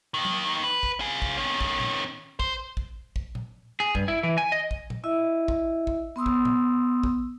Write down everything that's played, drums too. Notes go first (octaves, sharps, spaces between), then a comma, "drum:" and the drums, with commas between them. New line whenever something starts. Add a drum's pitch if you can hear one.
D#2 D#3
drum: tom F#3
B4
drum: kick
F4 G#4
drum: kick
D#3 C#4
drum: kick
drum: tom A#2
C5, drum: kick
drum: kick
drum: kick
drum: tom A#2
G#4
G2, drum: kick
E4
E3
G#5
D#5
drum: kick
drum: tom A#2
E4 D#5 E5
drum: kick
drum: kick
B3 C6 D#6 E6
drum: kick
drum: tom A#2
drum: kick